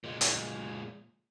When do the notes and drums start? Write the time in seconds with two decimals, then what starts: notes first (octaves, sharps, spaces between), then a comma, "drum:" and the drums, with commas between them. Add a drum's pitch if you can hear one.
0.04 A#2 G#3
0.21 drum: hi-hat